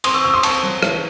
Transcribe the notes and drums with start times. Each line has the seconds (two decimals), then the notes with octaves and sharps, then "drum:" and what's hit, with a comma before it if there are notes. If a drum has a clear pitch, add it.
0.04 C4 C6 D#6, drum: cymbal
0.14 C#6 E6
0.24 C#2 C#6 E6
0.34 C6 D#6
0.43 C4 A5 C#6, drum: cymbal
0.63 F#3
0.83 E3, drum: rim click